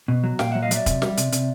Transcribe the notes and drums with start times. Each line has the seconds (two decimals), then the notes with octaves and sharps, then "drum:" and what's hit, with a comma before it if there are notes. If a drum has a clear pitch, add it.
0.08 B2
0.24 F#3
0.39 A#2 F5 G5, drum: snare
0.51 F#3 E5 F#5
0.62 D#5 F5
0.71 F#3 D5 E5, drum: hi-hat
0.86 C3, drum: kick, hi-hat
1.02 G3, drum: snare
1.17 C3, drum: hi-hat
1.32 C3, drum: hi-hat